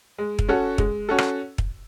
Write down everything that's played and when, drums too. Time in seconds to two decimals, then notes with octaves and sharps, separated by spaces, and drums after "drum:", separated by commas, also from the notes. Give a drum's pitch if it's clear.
0.18 G#3
0.39 drum: kick
0.49 C#4 F#4 A4
0.78 G#3, drum: kick
1.09 C#4 F#4 A4
1.18 drum: rim click
1.58 drum: kick